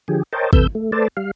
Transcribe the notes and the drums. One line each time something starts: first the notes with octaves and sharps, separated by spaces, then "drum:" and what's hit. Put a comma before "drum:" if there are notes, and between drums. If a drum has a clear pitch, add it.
D3 F3 G4 G#4
A#4 C5 C#5 D#5 G5 A5
E2 C3 A4 B4 E6 G6, drum: kick G#1
A3
A3 A4 B4 C5 D5 A5
G3 F5